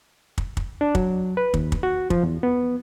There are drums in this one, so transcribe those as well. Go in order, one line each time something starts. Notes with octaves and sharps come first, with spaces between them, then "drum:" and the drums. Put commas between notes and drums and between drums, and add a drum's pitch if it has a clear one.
drum: kick
drum: kick
D4
F#3, drum: kick
B4
D#2, drum: kick
drum: kick
F#4
F3, drum: kick
E2
B3